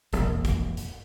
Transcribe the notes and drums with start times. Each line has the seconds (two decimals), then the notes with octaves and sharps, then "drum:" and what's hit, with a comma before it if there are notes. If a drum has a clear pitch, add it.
0.12 E1 A#1 F2, drum: hi-hat
0.45 drum: kick, hi-hat
0.77 drum: hi-hat